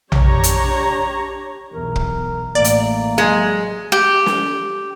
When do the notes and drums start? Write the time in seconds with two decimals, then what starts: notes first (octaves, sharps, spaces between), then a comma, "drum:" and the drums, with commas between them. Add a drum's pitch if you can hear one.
0.12 D4 G4 C#5 A#5, drum: tom A#1
0.43 drum: hi-hat
1.73 B1 E2 A#4
1.96 drum: kick
2.55 A1 A2 A#3 D5
2.64 drum: hi-hat
3.18 F#3 G#3
3.92 G4
4.26 drum: snare